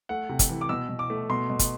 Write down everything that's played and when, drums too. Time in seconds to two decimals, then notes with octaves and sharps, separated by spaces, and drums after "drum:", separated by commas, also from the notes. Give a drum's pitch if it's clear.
0.09 A3 F#5
0.29 C3
0.39 drum: kick, hi-hat
0.49 E3
0.61 D6
0.69 B2 E6
0.89 B2
0.99 D6
1.10 A3
1.29 B2 C6
1.50 B2
1.59 drum: kick, hi-hat